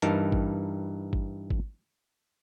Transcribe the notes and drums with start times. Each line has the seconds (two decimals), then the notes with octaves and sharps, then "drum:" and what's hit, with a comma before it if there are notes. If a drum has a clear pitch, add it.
0.02 G2 E3 D#4 A#4 A5, drum: hi-hat
0.32 drum: kick G#1
1.13 drum: kick G#1
1.50 drum: kick G#1